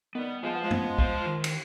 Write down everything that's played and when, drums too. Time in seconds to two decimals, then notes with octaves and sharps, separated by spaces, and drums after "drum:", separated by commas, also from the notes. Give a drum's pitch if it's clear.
0.15 D#3 G3 B3
0.43 G#3 F4 C5 F5
0.53 B3
0.62 F3 G#3
0.71 B3, drum: tom
0.99 F4 C5 F5, drum: kick
1.26 D#3
1.44 drum: cymbal